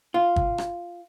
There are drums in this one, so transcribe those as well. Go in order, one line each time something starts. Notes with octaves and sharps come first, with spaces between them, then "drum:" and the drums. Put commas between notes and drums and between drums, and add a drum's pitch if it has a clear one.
F4
drum: kick G1
drum: rim click